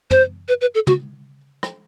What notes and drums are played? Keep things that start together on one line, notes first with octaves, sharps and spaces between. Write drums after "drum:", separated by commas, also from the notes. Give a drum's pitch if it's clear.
C5, drum: tom
B4
B4
A4
F#4, drum: tom
drum: rim click